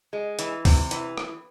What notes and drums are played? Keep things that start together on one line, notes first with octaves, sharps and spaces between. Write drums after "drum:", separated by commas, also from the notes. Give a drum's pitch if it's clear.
G#3
E3, drum: hi-hat
C3, drum: kick, open hi-hat
E3, drum: hi-hat
drum: rim click